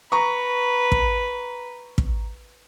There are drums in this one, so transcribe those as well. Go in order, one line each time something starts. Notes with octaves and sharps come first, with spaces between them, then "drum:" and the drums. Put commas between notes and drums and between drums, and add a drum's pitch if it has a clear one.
B4 A#5 C#6
drum: kick
drum: kick